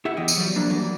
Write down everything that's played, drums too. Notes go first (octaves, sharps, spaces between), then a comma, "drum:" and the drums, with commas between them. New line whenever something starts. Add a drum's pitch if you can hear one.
E4 G4 E5 F#5
E2 D#5 G5
drum: tambourine
F#3 G3
F3 A#3 D4 A#5
E3 F#3 G3 A#3